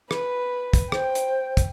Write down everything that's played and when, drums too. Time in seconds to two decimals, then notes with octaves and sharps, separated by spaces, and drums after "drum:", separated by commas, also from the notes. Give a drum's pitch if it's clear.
0.11 B4, drum: rim click
0.73 drum: kick, hi-hat
0.92 C5 G5, drum: rim click
1.15 drum: hi-hat
1.57 drum: kick, hi-hat